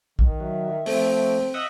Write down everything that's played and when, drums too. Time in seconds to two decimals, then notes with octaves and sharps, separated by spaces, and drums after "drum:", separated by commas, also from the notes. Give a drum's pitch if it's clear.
0.19 D#3, drum: kick A#1
0.40 F#3 E5
0.86 F3 A3 C4, drum: open hi-hat
1.54 D#5 E5 F#5